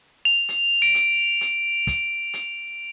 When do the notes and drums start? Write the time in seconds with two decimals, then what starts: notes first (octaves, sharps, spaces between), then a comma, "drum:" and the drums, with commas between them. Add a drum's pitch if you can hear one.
0.25 F7
0.48 drum: hi-hat
0.82 D7
0.95 drum: hi-hat
1.41 drum: hi-hat
1.87 drum: kick, hi-hat
2.33 drum: hi-hat